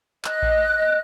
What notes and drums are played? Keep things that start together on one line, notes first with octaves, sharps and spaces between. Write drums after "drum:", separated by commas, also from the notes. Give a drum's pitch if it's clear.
D#5 F#6, drum: clap
drum: kick A#1